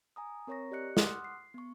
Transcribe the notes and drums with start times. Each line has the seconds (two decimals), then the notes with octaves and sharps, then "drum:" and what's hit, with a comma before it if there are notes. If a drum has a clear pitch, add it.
0.16 G#5 A#5 D#6
0.47 C4 A#4 C#5 A#5 C#6 A#6
0.71 G4 D5 D#5 F#6 C#7
0.97 F#5 C6 D6 D#6 F6 F#6, drum: snare
1.24 C7
1.54 B3 C#6